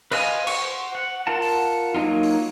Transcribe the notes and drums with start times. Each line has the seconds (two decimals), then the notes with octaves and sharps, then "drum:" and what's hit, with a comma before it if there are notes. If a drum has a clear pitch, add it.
0.11 B4 C5 D#5 F5 G#5, drum: cymbal
0.47 C5 F#5 C#6, drum: cymbal
0.95 F#5
1.27 F4 A#4 F#5 A5
1.42 drum: open hi-hat
1.95 F#3 A#3 C4 D#4 F4
2.23 drum: open hi-hat